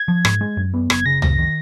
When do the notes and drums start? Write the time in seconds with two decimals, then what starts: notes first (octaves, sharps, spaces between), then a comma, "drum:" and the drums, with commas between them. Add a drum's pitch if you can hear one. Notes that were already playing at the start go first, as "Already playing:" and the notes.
Already playing: G#6
0.08 F3
0.25 G#2, drum: rim click
0.41 G#3
0.57 F#2
0.74 B3
0.90 F#1 G#6, drum: rim click
1.06 C#3 A#6
1.22 F#1 A#6, drum: tom C#2
1.38 D#3